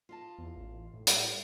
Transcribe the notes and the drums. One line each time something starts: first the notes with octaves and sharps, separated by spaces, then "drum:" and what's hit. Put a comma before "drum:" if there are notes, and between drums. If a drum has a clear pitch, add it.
F4 D#5 A5
E2
A1
A2
G3, drum: hi-hat